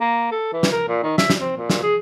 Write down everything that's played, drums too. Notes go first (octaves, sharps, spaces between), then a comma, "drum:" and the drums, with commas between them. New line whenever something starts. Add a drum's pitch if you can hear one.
A#3
A4
E3
drum: snare
A#4
A#2
D#3
E5, drum: snare
drum: snare
C4
A#2
drum: snare
G#4